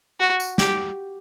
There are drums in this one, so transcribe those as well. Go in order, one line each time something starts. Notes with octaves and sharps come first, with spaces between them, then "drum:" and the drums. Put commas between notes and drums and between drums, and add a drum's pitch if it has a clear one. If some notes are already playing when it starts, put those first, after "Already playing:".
F#4
drum: tambourine
G4, drum: snare